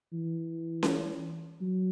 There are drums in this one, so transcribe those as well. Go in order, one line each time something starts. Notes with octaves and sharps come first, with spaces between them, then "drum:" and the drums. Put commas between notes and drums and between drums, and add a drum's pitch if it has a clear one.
E3
drum: snare C#4
F#3